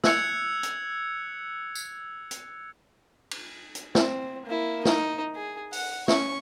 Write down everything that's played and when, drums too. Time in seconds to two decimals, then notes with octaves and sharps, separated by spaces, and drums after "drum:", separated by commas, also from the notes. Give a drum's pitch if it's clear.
0.04 E6 F#6 G#6 C#7 F7, drum: snare
0.63 drum: hi-hat
1.75 drum: tambourine
2.31 drum: hi-hat
3.31 drum: cymbal
3.75 drum: hi-hat
3.95 C4, drum: snare
4.46 A#3 E4
4.85 D#4, drum: snare
5.36 G#4
5.73 F#5, drum: open hi-hat
6.08 C#4 C#6, drum: snare